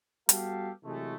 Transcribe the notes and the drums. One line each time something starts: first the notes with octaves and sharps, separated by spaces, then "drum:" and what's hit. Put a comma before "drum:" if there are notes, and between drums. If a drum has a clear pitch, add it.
G3 B3 F#4 G4 A4 F5, drum: hi-hat
C3 E3 F#3 G#3 A3